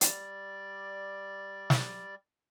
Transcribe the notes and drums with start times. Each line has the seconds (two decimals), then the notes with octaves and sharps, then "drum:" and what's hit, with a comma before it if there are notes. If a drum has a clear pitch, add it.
0.01 G3 D5, drum: hi-hat
1.70 drum: snare